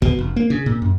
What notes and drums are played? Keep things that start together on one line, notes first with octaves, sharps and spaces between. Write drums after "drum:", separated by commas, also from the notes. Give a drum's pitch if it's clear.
B2, drum: kick
F1
A#3
C#3
A#2
F#2